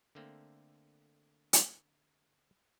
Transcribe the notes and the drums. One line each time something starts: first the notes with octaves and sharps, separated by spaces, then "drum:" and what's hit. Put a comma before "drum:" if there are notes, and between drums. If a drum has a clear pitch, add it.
D3 A3 A#3 C4
drum: hi-hat